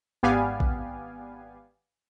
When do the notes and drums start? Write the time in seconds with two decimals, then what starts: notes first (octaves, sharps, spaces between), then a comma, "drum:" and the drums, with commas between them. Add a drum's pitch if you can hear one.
0.23 G#1 B3 G4 D5 F5 G#5
0.60 drum: kick A#1